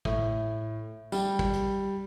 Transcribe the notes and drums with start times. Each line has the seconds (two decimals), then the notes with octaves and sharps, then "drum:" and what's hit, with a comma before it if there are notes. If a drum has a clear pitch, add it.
0.05 A2, drum: kick
1.12 G3, drum: tambourine
1.39 drum: kick
1.53 drum: hi-hat